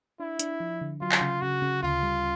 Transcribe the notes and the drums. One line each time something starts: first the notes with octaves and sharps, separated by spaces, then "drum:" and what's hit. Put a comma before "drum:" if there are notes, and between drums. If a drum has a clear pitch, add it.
D4 E4
D4, drum: hi-hat
F3
D3
F#3 F4
drum: clap
C#3
C#3 F#4
C#3
D2 F4
G3